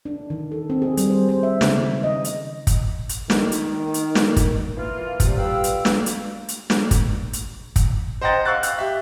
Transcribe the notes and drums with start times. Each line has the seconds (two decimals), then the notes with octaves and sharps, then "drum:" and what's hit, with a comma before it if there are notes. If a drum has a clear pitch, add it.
0.05 D4
0.30 D#3
0.52 A4
0.70 C4
0.82 G#4
0.97 G3, drum: hi-hat
1.10 C5
1.29 C5
1.43 E5
1.61 C#3, drum: snare
1.78 D#3
2.03 D#5
2.24 drum: hi-hat
2.67 drum: kick, hi-hat
3.09 drum: hi-hat
3.30 D#3, drum: snare
3.52 drum: hi-hat
3.94 drum: hi-hat
4.15 drum: snare
4.36 drum: kick, hi-hat
4.76 E3 A#3 F4
5.20 C3 G3, drum: kick, hi-hat
5.37 D2 F4 B4 F5 G5 E6
5.64 drum: hi-hat
5.85 drum: snare
6.06 drum: hi-hat
6.48 drum: hi-hat
6.70 drum: snare
6.91 drum: kick, hi-hat
7.33 drum: hi-hat
7.76 drum: kick, hi-hat
8.21 C5 D#5 F#5 G5 A#5 A6
8.45 F5 C#6 E6 F#6 A6
8.63 F#6, drum: hi-hat
8.78 G4 E5